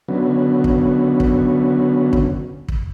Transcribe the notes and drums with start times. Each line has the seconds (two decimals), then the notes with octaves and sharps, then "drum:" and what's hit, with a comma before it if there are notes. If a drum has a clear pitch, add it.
0.08 D3 F#3 B3 C#4
0.64 drum: kick
1.20 drum: kick
2.13 drum: kick
2.68 drum: kick